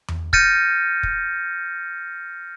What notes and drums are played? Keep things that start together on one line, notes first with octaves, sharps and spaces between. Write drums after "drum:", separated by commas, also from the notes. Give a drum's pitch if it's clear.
drum: tom E2
F6 G6 A6 A#6 C#7 D#7, drum: kick
drum: kick